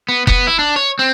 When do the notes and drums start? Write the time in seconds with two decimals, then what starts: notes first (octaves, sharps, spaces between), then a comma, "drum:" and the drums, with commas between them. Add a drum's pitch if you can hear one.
0.09 B3
0.27 B3, drum: kick F1
0.47 E4
0.59 D4
0.76 C#5
0.99 C4